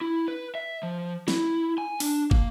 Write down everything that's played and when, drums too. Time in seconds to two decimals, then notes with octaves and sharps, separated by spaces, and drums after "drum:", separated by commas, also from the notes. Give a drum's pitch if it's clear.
0.01 E4
0.28 B4
0.55 E5
0.83 F3
1.28 E4, drum: snare
1.78 G#5
2.00 D4, drum: open hi-hat
2.31 A#3, drum: kick